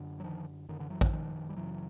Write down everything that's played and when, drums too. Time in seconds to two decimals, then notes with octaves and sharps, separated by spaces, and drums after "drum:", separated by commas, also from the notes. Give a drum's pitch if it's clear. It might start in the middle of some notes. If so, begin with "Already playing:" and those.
Already playing: F#2 D3
0.20 F#3
0.24 D#3 F3
0.69 F#2 D3 D#3
0.79 D3 E3
0.90 E3 F#3
1.01 D#3 F3, drum: kick
1.13 D#3 F3
1.49 G3
1.56 F#2 C#3 E3 F#3